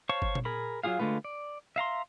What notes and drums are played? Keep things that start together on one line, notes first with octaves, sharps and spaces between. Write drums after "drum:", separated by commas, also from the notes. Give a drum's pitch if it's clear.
C5 C#5 F5 A5 C#6
drum: kick G1
drum: tom A#2
G#4 A#4 B5
F#3 F4 F#4 G#4 F5
D3 G#3 A3 F4 B4
D5
E5 F5 A#5 C6